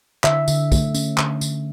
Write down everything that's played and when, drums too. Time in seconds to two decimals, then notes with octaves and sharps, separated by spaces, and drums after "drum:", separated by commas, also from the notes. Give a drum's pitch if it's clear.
0.24 D3 E5, drum: clap
0.48 D3, drum: tambourine
0.72 A3, drum: kick, tambourine
0.94 C#4, drum: tambourine
1.18 D3, drum: clap
1.41 D3, drum: tambourine